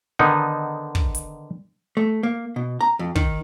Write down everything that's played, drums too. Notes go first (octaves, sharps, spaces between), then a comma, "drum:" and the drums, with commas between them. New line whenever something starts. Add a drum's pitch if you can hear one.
D3 D#3 B3 D#4
drum: kick
drum: hi-hat
A3
A#3
B2
A#5
F2
D#3, drum: kick